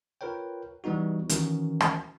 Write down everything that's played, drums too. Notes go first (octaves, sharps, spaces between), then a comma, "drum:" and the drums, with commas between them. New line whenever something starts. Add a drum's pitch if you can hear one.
F4 A#4 B4 C#5 G5
E3 G3 B3 D#4 F#4
D#3 E3 C#4 F#4 A#4, drum: hi-hat
drum: rim click